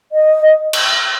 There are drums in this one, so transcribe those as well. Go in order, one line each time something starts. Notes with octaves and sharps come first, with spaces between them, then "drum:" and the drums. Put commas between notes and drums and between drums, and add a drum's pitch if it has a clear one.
D#5
drum: cymbal